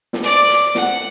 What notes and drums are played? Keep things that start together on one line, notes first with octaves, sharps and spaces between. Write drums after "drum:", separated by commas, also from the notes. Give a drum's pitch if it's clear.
drum: snare
D5
drum: hi-hat
F#5, drum: snare